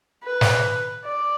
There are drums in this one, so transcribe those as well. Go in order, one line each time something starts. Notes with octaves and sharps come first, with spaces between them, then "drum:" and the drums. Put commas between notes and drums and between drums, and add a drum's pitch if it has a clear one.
B4
drum: snare
D5